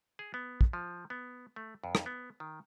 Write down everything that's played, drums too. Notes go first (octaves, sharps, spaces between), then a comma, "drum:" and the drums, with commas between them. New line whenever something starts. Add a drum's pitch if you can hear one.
G#4
B3
drum: kick
F3
B3
A3
F2
drum: rim click
B3
D#3